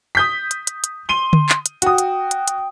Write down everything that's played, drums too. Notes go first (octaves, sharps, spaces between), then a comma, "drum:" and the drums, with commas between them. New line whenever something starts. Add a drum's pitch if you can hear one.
D#6 G6 B6
drum: hi-hat
drum: hi-hat
drum: hi-hat
C6 D#7 G7
drum: tom D3
drum: clap
drum: hi-hat
F#4 G5 D#6, drum: hi-hat
drum: hi-hat
drum: hi-hat
drum: hi-hat